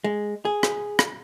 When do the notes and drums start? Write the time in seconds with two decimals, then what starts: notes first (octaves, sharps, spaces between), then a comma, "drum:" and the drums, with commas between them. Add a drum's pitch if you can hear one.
0.04 G#3
0.45 G#4
0.63 drum: rim click
0.99 drum: rim click